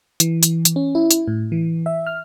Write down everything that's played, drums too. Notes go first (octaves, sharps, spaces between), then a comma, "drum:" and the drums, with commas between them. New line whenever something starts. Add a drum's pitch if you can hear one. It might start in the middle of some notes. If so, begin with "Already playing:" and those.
E3, drum: hi-hat
drum: hi-hat
drum: hi-hat
C#4
E4
drum: hi-hat
A2
E3
E5
F6